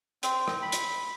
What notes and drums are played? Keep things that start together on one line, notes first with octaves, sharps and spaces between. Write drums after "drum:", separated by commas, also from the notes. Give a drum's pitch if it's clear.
C4, drum: hi-hat
drum: rim click
B5
drum: hi-hat